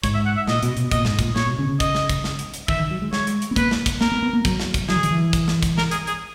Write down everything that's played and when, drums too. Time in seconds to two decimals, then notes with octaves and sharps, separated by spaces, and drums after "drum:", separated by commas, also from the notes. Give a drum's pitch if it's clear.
0.04 G#2 C#5, drum: kick, hi-hat
0.14 E5
0.26 F#5
0.37 E5
0.47 A#2 D#5, drum: snare
0.63 B2, drum: hi-hat
0.77 B2, drum: hi-hat
0.91 A#2 D#5, drum: kick, hi-hat
1.05 G#2, drum: snare
1.19 A#2, drum: kick, hi-hat
1.36 A#2 C#5, drum: snare
1.46 B2
1.59 C#3
1.69 C#3
1.80 D#5, drum: kick, hi-hat
1.95 drum: snare
2.09 drum: kick, hi-hat
2.24 drum: snare
2.39 drum: hi-hat
2.54 drum: hi-hat
2.68 D#3 E5, drum: kick
2.80 D#3
2.91 F#3
3.02 G#3
3.13 G#3 C#5, drum: snare
3.27 drum: hi-hat
3.42 drum: hi-hat
3.51 B3
3.56 A#3 B4, drum: kick, hi-hat
3.71 drum: snare
3.86 drum: kick, hi-hat
4.01 A#3 A#4, drum: snare
4.12 B3
4.22 B3
4.33 A#3
4.45 F#3, drum: kick, hi-hat
4.60 drum: snare
4.74 drum: kick, hi-hat
4.89 F#3 G#4, drum: snare
4.96 E3
5.03 D#3, drum: hi-hat
5.11 E3
5.33 drum: kick, hi-hat
5.48 drum: snare
5.63 drum: kick, hi-hat
5.78 A#4, drum: snare
5.91 G#4, drum: hi-hat
6.07 G#4, drum: hi-hat